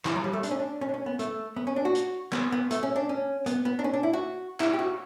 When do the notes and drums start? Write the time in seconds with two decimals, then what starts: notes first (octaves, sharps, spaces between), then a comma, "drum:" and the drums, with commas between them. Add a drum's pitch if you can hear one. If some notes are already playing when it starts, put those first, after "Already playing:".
0.05 E3, drum: clap
0.16 F#3
0.24 G3
0.33 A3
0.43 D4, drum: hi-hat
0.51 C#4
0.59 D4
0.81 C#4
0.89 D4
0.94 C#4
1.06 B3
1.19 A3, drum: hi-hat
1.56 B3
1.67 C#4
1.76 D4
1.85 F#4
1.95 drum: hi-hat
2.33 B3, drum: clap
2.52 B3
2.71 A3, drum: hi-hat
2.83 C#4
2.96 D4
3.09 C#4
3.46 B3, drum: hi-hat
3.65 B3
3.79 D4
3.84 C#4
3.94 D4
4.03 E4
4.13 F#4
4.60 E4, drum: clap
4.73 G4
4.79 F#4